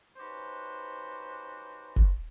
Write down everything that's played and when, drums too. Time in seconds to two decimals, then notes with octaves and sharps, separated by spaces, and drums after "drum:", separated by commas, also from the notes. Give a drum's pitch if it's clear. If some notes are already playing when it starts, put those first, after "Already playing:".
0.17 C#4 D#4 F#4 G4 B4 C5
1.96 drum: kick F#1